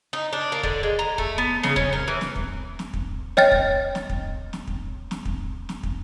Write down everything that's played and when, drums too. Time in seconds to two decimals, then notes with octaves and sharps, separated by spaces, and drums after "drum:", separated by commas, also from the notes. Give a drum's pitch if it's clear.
0.13 D#4
0.33 D4
0.52 A#3
0.63 D3, drum: kick
0.83 G#3
0.99 A#5
1.18 A3, drum: kick
1.38 B3
1.63 C#3, drum: snare
1.76 C#4, drum: kick
1.93 A#4
2.08 E3
2.21 drum: snare
2.36 drum: kick
2.79 drum: snare
2.93 drum: kick
3.37 C#5 D#5 G5 F6 A6, drum: snare
3.51 drum: kick
3.95 drum: snare
4.09 drum: kick
4.53 drum: snare
4.67 drum: kick
5.11 drum: snare
5.25 drum: kick
5.69 drum: snare
5.83 drum: kick